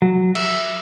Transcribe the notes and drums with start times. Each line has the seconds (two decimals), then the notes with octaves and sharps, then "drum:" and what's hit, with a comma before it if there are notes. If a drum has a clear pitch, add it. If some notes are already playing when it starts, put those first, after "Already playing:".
0.02 F#3
0.35 E5, drum: cymbal